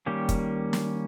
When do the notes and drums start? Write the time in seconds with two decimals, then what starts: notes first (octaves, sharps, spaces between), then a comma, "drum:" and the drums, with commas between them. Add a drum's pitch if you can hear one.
0.06 D#3 G3 A#3 C#4 G4
0.29 drum: kick, hi-hat
0.73 drum: snare